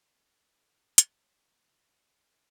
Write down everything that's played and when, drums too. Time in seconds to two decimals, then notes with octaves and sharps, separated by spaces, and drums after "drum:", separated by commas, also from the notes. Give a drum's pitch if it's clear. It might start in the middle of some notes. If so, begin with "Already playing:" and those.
Already playing: D3
0.12 A4
0.47 B4
0.56 A4
0.98 B4, drum: hi-hat
1.19 C#5
1.40 D5
1.62 E5
1.84 D5
2.27 B4